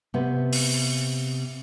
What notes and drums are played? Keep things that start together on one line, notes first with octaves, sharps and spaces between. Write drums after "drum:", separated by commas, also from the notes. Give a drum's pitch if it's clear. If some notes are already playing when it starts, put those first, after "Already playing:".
C3 B3
drum: open hi-hat